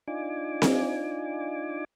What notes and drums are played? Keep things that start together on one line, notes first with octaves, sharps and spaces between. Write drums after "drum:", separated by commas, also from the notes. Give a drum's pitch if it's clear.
D4 D#4 F4 G#5 D6
drum: snare C4